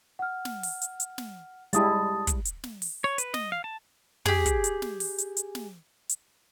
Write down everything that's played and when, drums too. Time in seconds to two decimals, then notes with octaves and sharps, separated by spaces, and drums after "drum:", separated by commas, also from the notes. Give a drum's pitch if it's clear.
0.19 F#5 F6
0.45 drum: snare
0.63 drum: open hi-hat
0.81 drum: hi-hat
1.00 drum: hi-hat
1.18 drum: snare
1.73 G3 G#3 E4 A5 D#6 A6, drum: hi-hat
2.27 drum: kick, hi-hat
2.45 drum: hi-hat
2.64 drum: snare
2.82 drum: open hi-hat
3.04 C#5
3.18 B4, drum: hi-hat
3.34 D#5, drum: snare
3.52 F5
3.64 A5
4.26 G4 G#4, drum: tom
4.46 drum: kick, hi-hat
4.64 drum: hi-hat
4.82 drum: snare
5.00 drum: open hi-hat
5.18 drum: hi-hat
5.37 drum: hi-hat
5.55 drum: snare
6.09 drum: hi-hat